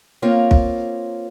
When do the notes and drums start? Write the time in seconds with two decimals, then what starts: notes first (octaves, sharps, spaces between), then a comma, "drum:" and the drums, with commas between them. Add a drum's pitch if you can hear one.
0.22 A#3 C4 F4 A#4 C#5
0.51 drum: kick